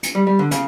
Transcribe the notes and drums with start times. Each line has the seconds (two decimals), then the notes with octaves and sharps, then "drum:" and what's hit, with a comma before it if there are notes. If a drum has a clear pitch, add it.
0.03 drum: hi-hat
0.15 G3
0.27 G3
0.39 D3
0.51 C#3, drum: hi-hat